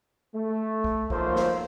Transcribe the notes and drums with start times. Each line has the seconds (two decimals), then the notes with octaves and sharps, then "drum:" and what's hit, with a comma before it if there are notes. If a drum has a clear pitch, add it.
0.35 A3
0.84 drum: kick
1.10 B1 F3 A3 A#3 C5, drum: kick
1.36 drum: snare